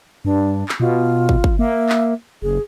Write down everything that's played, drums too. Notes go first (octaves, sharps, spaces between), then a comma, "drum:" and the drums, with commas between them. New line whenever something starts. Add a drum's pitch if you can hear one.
G2 D4
drum: clap
B2 F4
drum: kick
drum: kick
A#3 E5
drum: clap
F#1 G#4